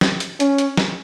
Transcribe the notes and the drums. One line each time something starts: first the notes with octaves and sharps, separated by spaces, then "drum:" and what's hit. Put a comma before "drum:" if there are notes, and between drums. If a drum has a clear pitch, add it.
drum: snare
drum: hi-hat
C#4, drum: hi-hat
drum: hi-hat
drum: snare